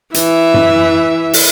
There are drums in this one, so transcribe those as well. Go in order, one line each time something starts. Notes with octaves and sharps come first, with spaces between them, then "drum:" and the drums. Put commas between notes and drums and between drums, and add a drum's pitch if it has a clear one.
E3 E5, drum: hi-hat
drum: tom F#2
drum: open hi-hat